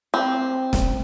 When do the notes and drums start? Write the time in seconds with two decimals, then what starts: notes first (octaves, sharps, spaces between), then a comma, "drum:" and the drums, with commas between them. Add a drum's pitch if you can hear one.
0.14 C4
0.73 drum: snare